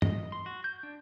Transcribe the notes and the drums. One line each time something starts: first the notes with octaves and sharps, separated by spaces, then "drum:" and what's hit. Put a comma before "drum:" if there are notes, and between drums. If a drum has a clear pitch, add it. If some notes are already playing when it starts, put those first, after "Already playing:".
D#5, drum: tom
C6
F#4
G6
D4